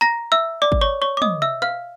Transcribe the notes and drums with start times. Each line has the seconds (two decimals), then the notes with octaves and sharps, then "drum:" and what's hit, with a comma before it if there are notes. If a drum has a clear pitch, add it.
0.01 A#5 A#6
0.32 E5 E6
0.62 D5 D6
0.72 drum: kick G#1
0.81 C#5 C#6
1.02 C#5 C#6
1.17 D6
1.22 D#5 D#6, drum: tom
1.42 E5 E6
1.62 F5 F6, drum: rim click